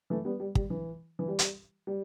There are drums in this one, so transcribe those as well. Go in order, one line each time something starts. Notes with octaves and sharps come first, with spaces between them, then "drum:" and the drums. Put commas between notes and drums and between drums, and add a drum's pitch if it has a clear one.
E3 A3
G3 B3
G3
G3, drum: kick
E3
E3
G3
drum: hi-hat
G3